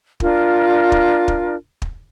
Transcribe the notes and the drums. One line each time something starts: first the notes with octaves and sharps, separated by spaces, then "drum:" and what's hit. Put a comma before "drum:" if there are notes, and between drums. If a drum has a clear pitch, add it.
D4 F4 A#4, drum: kick
drum: kick
drum: kick
drum: kick